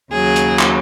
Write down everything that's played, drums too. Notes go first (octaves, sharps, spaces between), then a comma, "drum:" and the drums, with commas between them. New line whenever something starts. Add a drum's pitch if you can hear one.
D#2 C#3 F#3 G#4
drum: hi-hat
drum: clap